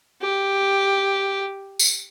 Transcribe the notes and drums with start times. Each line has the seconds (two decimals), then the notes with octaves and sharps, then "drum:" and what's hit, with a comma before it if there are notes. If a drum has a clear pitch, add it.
0.22 G4
1.79 drum: tambourine